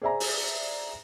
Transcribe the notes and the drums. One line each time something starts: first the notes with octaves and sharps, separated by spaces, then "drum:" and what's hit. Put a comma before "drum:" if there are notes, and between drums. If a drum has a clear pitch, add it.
G#4 C5 D5 E5 G#5 A#5
drum: open hi-hat